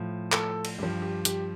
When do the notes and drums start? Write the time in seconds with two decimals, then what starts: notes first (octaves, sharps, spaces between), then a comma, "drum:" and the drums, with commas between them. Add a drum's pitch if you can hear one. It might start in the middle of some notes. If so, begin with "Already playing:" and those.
Already playing: A2 F3
0.32 A4, drum: clap
0.65 drum: cymbal
0.79 G2 F3 G4
1.02 G4
1.25 G4, drum: hi-hat